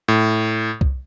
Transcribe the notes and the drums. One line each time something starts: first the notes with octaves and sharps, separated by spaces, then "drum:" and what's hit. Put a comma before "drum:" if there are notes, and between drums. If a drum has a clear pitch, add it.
A2
drum: kick